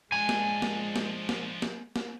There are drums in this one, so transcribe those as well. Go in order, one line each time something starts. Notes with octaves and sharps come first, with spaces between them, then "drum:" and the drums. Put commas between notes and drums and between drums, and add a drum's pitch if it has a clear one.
F3 G#3 D4 G#5
drum: snare
drum: snare
drum: snare
drum: snare
drum: snare
drum: snare